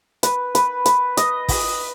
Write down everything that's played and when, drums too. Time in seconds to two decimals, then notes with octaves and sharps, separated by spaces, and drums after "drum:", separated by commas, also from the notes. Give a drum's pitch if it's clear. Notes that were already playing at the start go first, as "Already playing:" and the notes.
0.23 B4, drum: hi-hat
0.55 B4, drum: hi-hat
0.86 B4, drum: hi-hat
1.17 D#5, drum: hi-hat
1.49 drum: kick, open hi-hat